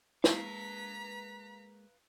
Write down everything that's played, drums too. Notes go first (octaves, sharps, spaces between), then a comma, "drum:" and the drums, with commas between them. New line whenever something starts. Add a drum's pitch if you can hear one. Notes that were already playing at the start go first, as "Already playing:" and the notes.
G#3 A#3 B4 F5 A#5 B6, drum: snare